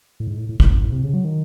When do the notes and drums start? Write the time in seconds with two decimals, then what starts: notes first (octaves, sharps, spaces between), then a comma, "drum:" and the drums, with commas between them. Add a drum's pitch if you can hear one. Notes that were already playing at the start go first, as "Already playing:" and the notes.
0.20 A2
0.27 G#2
0.38 A2
0.49 A2
0.60 A2, drum: kick
0.70 F#2
0.82 A2
0.92 C3
1.03 C#3
1.14 F#3
1.25 D#3